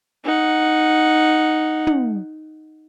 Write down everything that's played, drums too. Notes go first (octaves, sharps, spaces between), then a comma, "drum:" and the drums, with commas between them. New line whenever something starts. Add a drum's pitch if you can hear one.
D#4 F#5
drum: tom